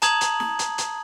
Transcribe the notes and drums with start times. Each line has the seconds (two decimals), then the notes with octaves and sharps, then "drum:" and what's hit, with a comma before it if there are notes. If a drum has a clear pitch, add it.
0.02 A5 A#5 D#6 G#6 F#7, drum: hi-hat
0.21 drum: hi-hat
0.40 drum: snare
0.59 drum: hi-hat
0.78 drum: hi-hat